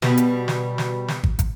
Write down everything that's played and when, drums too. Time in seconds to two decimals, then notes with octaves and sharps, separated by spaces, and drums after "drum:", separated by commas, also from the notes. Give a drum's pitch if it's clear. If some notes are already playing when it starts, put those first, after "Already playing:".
0.02 B2 G3, drum: snare
0.17 drum: hi-hat
0.48 drum: snare
0.78 drum: snare
1.08 drum: snare
1.24 drum: kick
1.39 drum: kick, hi-hat